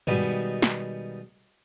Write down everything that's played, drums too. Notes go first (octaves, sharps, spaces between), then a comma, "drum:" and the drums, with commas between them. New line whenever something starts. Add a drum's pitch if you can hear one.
B2 D#3 G3 G#3 B3, drum: tom G2
drum: snare